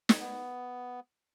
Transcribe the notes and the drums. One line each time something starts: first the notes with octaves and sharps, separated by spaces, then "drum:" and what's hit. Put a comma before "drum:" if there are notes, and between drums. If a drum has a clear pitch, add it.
drum: snare
B3